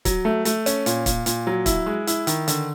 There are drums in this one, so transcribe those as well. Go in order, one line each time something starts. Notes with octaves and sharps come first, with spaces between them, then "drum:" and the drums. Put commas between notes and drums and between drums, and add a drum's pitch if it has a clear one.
F#3, drum: kick, hi-hat
A3
A3, drum: hi-hat
C#4, drum: hi-hat
A#2, drum: hi-hat
A#2, drum: kick, hi-hat
A#2, drum: hi-hat
F#3
E4, drum: kick, hi-hat
G#3
E4, drum: hi-hat
D#3, drum: hi-hat
D3, drum: hi-hat